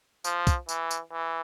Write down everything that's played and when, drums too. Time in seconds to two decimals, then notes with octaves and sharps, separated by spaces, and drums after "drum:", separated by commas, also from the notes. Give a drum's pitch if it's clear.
0.24 F3, drum: tambourine
0.47 drum: kick, tambourine
0.69 E3, drum: tambourine
0.91 drum: tambourine
1.12 E3